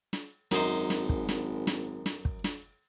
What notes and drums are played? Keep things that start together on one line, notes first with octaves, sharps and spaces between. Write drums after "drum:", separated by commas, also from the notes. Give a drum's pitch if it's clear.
drum: snare
G#1 F#2 D#4 C5, drum: snare
drum: snare
drum: kick
drum: snare
drum: snare
drum: snare
drum: kick
drum: snare